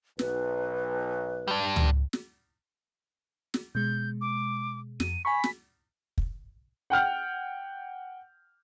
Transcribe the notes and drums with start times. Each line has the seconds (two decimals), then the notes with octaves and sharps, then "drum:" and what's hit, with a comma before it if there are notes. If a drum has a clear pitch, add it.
0.19 B1 B4, drum: snare
1.48 G3 D4
1.76 drum: tom C#2
2.13 drum: snare
3.54 drum: snare
3.75 B2 G#3 G6
4.21 D6
5.00 F2 D#7, drum: snare
5.25 G#5 B5 C#6 B6
5.44 drum: snare
6.18 drum: kick
6.90 F#5 G5 F6 G6